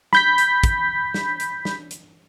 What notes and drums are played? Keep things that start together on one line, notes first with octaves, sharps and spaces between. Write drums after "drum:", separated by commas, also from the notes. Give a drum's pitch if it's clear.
B5 G6 B6, drum: snare
drum: hi-hat
drum: kick, hi-hat
drum: snare
drum: hi-hat
drum: snare
drum: hi-hat